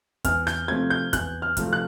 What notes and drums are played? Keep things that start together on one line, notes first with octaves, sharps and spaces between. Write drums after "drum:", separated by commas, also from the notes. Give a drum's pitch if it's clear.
E2 F6, drum: kick, hi-hat
G6, drum: rim click
C3 F3 A3 C4 G#6
G6
E2 F#6, drum: kick, hi-hat
F6
C3 F3 A3 C4, drum: kick, hi-hat
F#6